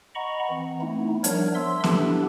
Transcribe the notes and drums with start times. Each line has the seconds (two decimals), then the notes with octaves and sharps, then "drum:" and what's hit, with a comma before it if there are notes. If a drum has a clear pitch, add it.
0.15 D#5 F#5 A#5 B5 C#6
0.50 E3 C4
0.81 A3 B3 D#4 E4
1.24 F3 G3 B3 D4 A#4 C#5, drum: hi-hat
1.55 E5 C6 E6
1.84 B3 D4 E4 G4 A4 B4, drum: snare B3